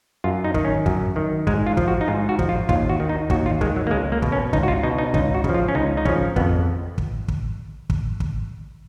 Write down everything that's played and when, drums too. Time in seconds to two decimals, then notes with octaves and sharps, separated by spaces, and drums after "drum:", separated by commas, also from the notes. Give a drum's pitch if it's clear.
0.24 F#2 F4
0.44 D#4
0.54 D#3, drum: kick
0.65 C#4
0.86 F#2, drum: kick
1.16 D#3
1.47 G#2 G#3, drum: kick
1.67 F4
1.77 F3, drum: kick
1.88 F#4
2.01 D#4
2.08 G#2 F4
2.29 F#4
2.39 F3, drum: kick
2.49 F4
2.69 D#2 F4, drum: kick
2.90 F#4
3.00 D#3
3.09 D#4
3.30 D#2 F#4, drum: kick
3.46 F4
3.61 D#3 G#3, drum: kick
3.76 F#3
3.87 A#3
3.91 C#2 G#3
4.12 A#3
4.22 B2, drum: kick
4.32 C#4
4.53 C#2 D#4, drum: kick
4.63 F#4
4.68 F4
4.83 B2 D#4
4.98 D#4
5.14 C#2 D#4, drum: kick
5.35 F#4
5.44 C#3, drum: kick
5.49 F3
5.55 F4
5.68 C#4
5.75 C#2 D#4
5.97 D#4
6.05 C#3 F3 C#4, drum: kick
6.36 F2 B3, drum: kick
6.98 drum: kick
7.28 drum: kick
7.90 drum: kick
8.20 drum: kick